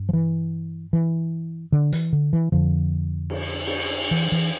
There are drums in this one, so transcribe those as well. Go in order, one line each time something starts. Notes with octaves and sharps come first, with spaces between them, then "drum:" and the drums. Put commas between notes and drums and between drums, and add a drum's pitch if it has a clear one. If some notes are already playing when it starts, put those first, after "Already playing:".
Already playing: G2
F3
E3
E3
D3
E3, drum: hi-hat
D3
E3
F2 D3 F3
drum: cymbal
drum: cymbal
E3
E3